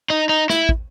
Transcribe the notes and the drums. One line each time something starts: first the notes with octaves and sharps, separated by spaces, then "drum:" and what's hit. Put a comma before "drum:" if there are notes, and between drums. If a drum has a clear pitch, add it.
D#4
D#4
E4, drum: snare
drum: kick